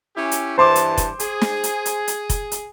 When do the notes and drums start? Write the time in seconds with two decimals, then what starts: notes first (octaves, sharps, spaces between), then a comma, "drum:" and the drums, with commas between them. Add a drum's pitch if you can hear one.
0.16 C#4 E4 G4
0.31 drum: hi-hat
0.58 G2 E3 C5 A5 C6 D6
0.75 drum: hi-hat
0.97 drum: kick F1, hi-hat
1.19 G#4, drum: hi-hat
1.41 drum: snare
1.64 drum: hi-hat
1.86 drum: hi-hat
2.08 drum: hi-hat
2.30 drum: kick F1, hi-hat
2.52 drum: hi-hat